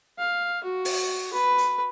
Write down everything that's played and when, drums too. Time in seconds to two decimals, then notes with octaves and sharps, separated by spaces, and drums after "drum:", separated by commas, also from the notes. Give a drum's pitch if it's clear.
0.18 F5
0.64 F#4
0.85 drum: open hi-hat
1.33 B4
1.58 drum: hi-hat